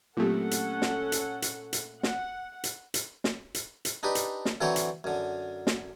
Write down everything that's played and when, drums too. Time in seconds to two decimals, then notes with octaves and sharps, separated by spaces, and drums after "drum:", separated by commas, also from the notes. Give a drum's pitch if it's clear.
0.17 A#2 F#3 A3 C4 C#4 G4 A4 F#5
0.51 drum: hi-hat
0.82 drum: snare
1.12 drum: hi-hat
1.42 drum: hi-hat
1.73 drum: hi-hat
2.03 F#5, drum: snare
2.64 drum: hi-hat
2.94 drum: hi-hat
3.24 drum: snare
3.54 drum: hi-hat
3.85 drum: hi-hat
4.03 D4 D#4 G4 B4
4.15 drum: hi-hat
4.45 drum: snare
4.61 D3 E3 F#3 C4 C#5 G5
4.76 drum: hi-hat
5.04 F#2 D3
5.67 drum: snare